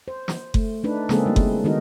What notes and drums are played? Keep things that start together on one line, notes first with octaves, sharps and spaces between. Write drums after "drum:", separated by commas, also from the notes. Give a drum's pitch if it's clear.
C5
drum: snare
A3, drum: kick F#1
A3 D4 D#4 B4
C#3 G#3 A#3 C4 G#4 A4, drum: snare
G3 A3 E4
drum: kick F#1
D#3 G#3 B3 D#4 F#4 A#4